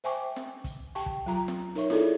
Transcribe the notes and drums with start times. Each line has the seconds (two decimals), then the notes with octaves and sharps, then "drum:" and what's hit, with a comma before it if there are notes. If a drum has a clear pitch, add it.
0.04 C5 E5 G5 G#5 C#6 D6
0.36 drum: snare
0.64 drum: kick, hi-hat
0.95 G4 G5 A5 C#6
1.06 drum: kick
1.26 F#3 F4 A#5
1.48 drum: snare
1.75 D#4 A#4 C#5 E5 C#6, drum: hi-hat
1.90 E4 F4 G#4 A4 D5, drum: snare